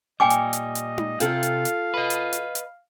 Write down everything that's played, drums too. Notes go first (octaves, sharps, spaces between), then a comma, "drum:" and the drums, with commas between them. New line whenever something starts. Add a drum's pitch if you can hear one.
A#2 G3 D#5 G5 G#5 D6
drum: hi-hat
drum: hi-hat
drum: hi-hat
drum: tom D#4
C3 C4 F4 A4 F5, drum: hi-hat
drum: hi-hat
drum: hi-hat
B4 D#5
drum: hi-hat
drum: hi-hat
drum: hi-hat